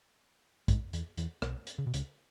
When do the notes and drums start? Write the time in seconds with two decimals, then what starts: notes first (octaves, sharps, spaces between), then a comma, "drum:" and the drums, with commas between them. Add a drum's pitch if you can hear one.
0.68 G#2 G#3, drum: kick, hi-hat
0.93 E2 E3, drum: hi-hat
1.17 E2 E3, drum: hi-hat
1.42 B1 B2, drum: rim click
1.67 drum: hi-hat
1.78 C#3
1.87 B2
1.94 C#2 C#3, drum: hi-hat